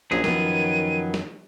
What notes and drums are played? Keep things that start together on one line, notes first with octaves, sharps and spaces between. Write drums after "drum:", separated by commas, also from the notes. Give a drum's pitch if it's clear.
A#1 F#2 F#3 G#4
D#3 F3 B3 D#7, drum: snare
drum: snare